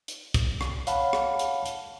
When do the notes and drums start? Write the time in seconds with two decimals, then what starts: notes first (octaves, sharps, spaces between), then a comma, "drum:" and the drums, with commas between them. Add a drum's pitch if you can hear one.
0.08 drum: hi-hat
0.34 drum: kick, hi-hat
0.61 drum: rim click
0.87 C#5 F5 F#5 A5 B5, drum: hi-hat
1.13 drum: rim click
1.39 drum: hi-hat
1.66 drum: hi-hat